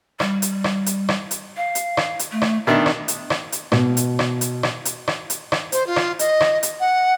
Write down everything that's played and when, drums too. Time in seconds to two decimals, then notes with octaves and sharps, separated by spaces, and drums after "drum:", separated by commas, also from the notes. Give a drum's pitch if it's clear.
0.20 G3, drum: rim click
0.42 drum: hi-hat
0.64 drum: rim click
0.86 drum: hi-hat
1.09 drum: rim click
1.31 drum: hi-hat
1.57 F5
1.75 drum: hi-hat
1.97 drum: rim click
2.19 drum: hi-hat
2.32 A3
2.42 drum: rim click
2.67 B2 D#3 D4 E5
2.86 drum: rim click
3.08 drum: hi-hat
3.30 drum: rim click
3.52 drum: hi-hat
3.72 B2, drum: rim click
3.97 drum: hi-hat
4.19 drum: rim click
4.41 drum: hi-hat
4.63 drum: rim click
4.85 drum: hi-hat
5.08 drum: rim click
5.30 drum: hi-hat
5.52 drum: rim click
5.72 C5, drum: hi-hat
5.87 F4
5.96 drum: rim click
6.19 D#5, drum: hi-hat
6.41 drum: rim click
6.63 drum: hi-hat
6.80 F#5